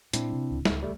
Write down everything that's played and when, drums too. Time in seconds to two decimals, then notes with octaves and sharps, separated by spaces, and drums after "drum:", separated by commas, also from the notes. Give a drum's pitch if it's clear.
0.13 A#2 G#3 C4 D4 E4, drum: hi-hat
0.33 C3
0.51 D1 C#2
0.65 drum: snare
0.83 G3 A3